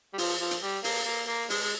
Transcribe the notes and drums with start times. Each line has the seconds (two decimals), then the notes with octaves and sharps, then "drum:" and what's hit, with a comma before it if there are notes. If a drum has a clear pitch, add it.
0.14 G3
0.18 F3, drum: open hi-hat
0.40 F3
0.51 drum: hi-hat
0.62 G3
0.84 A#3, drum: open hi-hat
1.06 A#3
1.28 A#3
1.50 G#3, drum: open hi-hat
1.62 G#3